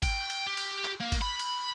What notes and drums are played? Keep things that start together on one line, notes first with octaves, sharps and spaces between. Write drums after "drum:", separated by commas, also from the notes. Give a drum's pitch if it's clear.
G5, drum: kick G#1, cymbal
drum: cymbal
G4
drum: cymbal
drum: clap
A#3
drum: kick G#1, cymbal
B5
drum: cymbal